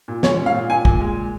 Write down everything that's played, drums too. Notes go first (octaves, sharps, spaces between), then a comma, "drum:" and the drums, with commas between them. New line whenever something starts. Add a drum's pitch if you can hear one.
A#2
G#3 C#5, drum: snare
C#4
F5
A#2
A#2 G#5
A#2, drum: kick
G#3